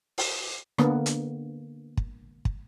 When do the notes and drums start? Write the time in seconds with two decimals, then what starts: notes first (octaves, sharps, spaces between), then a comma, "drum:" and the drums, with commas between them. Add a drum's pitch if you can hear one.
0.18 drum: open hi-hat
0.78 D3 A#3 B3, drum: rim click
1.06 drum: hi-hat
1.97 drum: kick
2.45 drum: kick